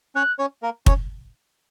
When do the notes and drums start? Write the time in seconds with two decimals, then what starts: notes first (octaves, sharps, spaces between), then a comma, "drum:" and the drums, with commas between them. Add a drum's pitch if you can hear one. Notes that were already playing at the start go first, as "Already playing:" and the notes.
0.15 C#4 C#5 F#6
0.39 C#4 C#5
0.63 A#3 A#4
0.86 C#4 C#5, drum: kick